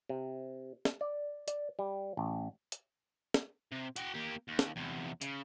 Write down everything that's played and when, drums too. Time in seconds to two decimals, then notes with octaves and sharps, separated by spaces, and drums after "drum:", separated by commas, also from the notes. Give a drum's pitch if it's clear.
0.09 C3
0.85 drum: snare
1.01 D5
1.48 D5, drum: hi-hat
1.79 G3
2.17 A1
2.72 drum: hi-hat
3.34 drum: snare
3.72 C3
3.96 F#4 G5, drum: hi-hat
4.14 A#3 G4
4.48 D#2
4.59 drum: snare
4.76 E2 C3
5.21 C#3, drum: hi-hat